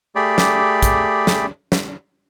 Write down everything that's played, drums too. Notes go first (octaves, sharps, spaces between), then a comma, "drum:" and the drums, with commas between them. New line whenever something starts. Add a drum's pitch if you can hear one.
A3 G4 G#4 D5 B5
drum: snare
drum: kick, hi-hat
drum: snare
drum: snare